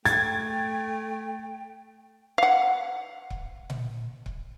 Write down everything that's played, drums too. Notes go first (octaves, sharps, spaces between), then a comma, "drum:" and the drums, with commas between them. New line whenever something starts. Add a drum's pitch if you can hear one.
A3 G5 G#6 A6, drum: hi-hat
F5 F#5
drum: kick C#1
drum: tom A#2
drum: kick C#1